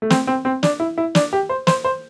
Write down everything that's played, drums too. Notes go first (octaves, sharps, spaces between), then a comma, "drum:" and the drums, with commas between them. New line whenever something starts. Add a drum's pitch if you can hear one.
A3
C4, drum: snare
C4
C4
D4, drum: snare
E4
E4
D4, drum: snare
G4
C5
C5, drum: snare
C5